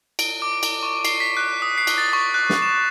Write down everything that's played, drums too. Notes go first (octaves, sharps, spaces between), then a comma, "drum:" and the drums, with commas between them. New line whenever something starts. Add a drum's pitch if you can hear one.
D7, drum: cymbal
D6
drum: cymbal
C#6
C7, drum: cymbal
B6
F#6
D#6
C7
drum: cymbal
A6
C#6
F#6
drum: snare
E7